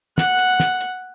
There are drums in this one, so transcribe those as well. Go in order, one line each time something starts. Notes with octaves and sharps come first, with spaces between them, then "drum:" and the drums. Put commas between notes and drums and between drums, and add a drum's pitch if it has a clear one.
F#5, drum: snare
drum: hi-hat
drum: snare
drum: hi-hat